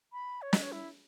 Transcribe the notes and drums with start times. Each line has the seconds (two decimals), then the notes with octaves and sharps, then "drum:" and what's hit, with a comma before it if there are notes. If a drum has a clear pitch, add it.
0.13 B5
0.42 C#5
0.53 D#5, drum: snare
0.62 C#5
0.72 E4